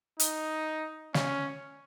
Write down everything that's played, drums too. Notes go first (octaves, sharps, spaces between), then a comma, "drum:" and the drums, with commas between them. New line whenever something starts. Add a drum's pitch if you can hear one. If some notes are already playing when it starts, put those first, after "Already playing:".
D#4, drum: hi-hat
C#4, drum: snare